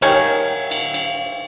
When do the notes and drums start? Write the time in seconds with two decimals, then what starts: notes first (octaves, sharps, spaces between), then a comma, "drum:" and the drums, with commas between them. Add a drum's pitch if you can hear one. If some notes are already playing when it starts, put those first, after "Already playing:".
0.02 D#3 G4 C#5 E5 F5 G#5, drum: cymbal
0.71 drum: cymbal
0.94 drum: cymbal